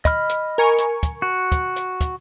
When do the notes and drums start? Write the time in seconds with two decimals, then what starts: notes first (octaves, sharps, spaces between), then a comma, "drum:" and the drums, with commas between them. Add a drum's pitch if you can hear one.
0.05 D#5 B5 F6, drum: kick, hi-hat
0.30 drum: hi-hat
0.58 A#4 G#5 C#6
0.78 drum: hi-hat
1.03 drum: kick, hi-hat
1.22 F#4
1.52 drum: kick, hi-hat
1.76 drum: hi-hat
2.01 drum: kick, hi-hat